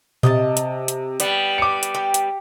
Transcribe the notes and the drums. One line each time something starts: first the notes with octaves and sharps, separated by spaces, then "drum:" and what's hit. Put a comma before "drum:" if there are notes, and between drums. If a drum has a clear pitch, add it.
C3 D#5 G5 A5, drum: tom A#2
drum: hi-hat
drum: hi-hat
G3 B3, drum: hi-hat
D6 C#7
drum: hi-hat
G4
drum: hi-hat